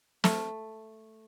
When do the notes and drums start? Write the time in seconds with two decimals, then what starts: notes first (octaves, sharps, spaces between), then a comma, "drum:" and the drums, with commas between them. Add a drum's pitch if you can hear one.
0.24 A3, drum: snare